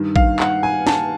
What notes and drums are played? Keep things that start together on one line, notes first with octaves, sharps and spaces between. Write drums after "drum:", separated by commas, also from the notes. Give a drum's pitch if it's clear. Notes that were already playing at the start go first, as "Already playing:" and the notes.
Already playing: G2 D#3
F5, drum: kick A1
F#5, drum: clap
G#5
A5, drum: snare